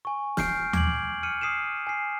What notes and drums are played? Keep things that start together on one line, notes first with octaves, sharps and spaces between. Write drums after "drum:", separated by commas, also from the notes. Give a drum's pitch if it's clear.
G#5 C#6
F6 G6 C7 D7, drum: snare
D6 G#6 D7 F#7, drum: tom D#2
F6 C#7 D#7
D#6 C7 D#7 E7
G#5 C7